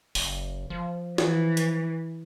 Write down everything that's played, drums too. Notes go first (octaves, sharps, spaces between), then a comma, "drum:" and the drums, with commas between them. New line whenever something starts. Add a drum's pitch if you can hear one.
F#1, drum: open hi-hat
F3
E3, drum: snare
drum: hi-hat